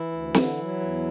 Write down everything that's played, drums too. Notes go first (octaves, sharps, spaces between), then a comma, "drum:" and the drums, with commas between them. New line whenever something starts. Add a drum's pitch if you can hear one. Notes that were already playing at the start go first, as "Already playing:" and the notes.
Already playing: E3 E4
D2
D3, drum: snare
F#3
E2